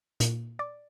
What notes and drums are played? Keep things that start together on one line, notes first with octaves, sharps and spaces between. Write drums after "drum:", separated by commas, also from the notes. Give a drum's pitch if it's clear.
A#2, drum: hi-hat
D5